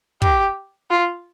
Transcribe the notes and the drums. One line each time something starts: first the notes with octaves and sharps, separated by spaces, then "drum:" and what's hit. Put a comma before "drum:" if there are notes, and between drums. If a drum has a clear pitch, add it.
G4, drum: kick
F4